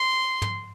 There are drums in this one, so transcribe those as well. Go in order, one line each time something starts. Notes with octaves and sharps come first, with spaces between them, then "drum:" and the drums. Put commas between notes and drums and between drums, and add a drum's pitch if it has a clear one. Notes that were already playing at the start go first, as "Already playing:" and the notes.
Already playing: C6
drum: tom